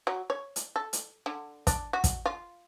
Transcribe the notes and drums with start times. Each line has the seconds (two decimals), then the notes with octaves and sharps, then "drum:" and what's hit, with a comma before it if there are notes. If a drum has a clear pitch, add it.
0.07 F#3
0.30 C#5
0.56 drum: hi-hat
0.76 A4
0.93 drum: hi-hat
1.26 D3
1.67 D4, drum: kick, hi-hat
1.93 F#4
2.04 drum: kick, hi-hat
2.26 F4